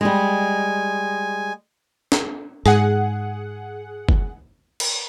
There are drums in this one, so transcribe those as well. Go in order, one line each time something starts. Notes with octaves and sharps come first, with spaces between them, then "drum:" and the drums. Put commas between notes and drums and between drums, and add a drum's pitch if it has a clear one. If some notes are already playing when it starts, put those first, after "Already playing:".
G3 G#3 G#5
drum: snare
G#2 G#4 F#5, drum: rim click
drum: kick F#1
drum: cymbal